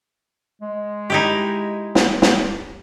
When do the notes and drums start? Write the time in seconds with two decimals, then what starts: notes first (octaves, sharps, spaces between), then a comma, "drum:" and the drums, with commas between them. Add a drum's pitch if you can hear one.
0.62 G#3
1.10 D#4 E4 G4
1.95 drum: snare
2.22 drum: snare